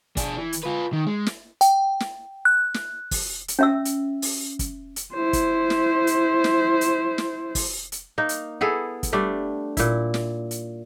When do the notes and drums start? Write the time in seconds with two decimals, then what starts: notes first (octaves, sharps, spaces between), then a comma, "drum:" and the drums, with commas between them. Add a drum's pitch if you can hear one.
0.17 D4 G#4, drum: kick, hi-hat
0.37 E3
0.53 drum: hi-hat
0.63 F4 B4
0.93 D#3
1.07 G#3
1.26 drum: snare
1.61 G5, drum: hi-hat
2.00 drum: snare
2.45 F#6
2.74 drum: snare
3.11 drum: kick, open hi-hat
3.48 drum: hi-hat
3.59 C#4 E5 E6
3.85 drum: hi-hat
4.22 drum: open hi-hat
4.59 drum: kick, hi-hat
4.96 drum: hi-hat
5.14 E4 C5
5.33 drum: kick, hi-hat
5.70 drum: snare
6.07 drum: hi-hat
6.44 drum: snare
6.81 drum: hi-hat
7.18 drum: snare
7.55 drum: kick, open hi-hat
7.92 drum: hi-hat
8.18 A#3 D#4
8.29 drum: hi-hat
8.61 B3 E4 G#4 A4
9.03 drum: kick, hi-hat
9.13 G3 A3 D4
9.77 A#2 E4, drum: kick, hi-hat
10.14 drum: snare
10.51 drum: hi-hat